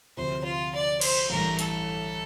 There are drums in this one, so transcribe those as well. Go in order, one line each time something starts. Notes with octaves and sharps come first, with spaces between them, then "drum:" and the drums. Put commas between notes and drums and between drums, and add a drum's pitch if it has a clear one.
D2 C3 F3 C5
F4
D5
C5, drum: cymbal
A1 G2 E3 A3 A#4
A4, drum: hi-hat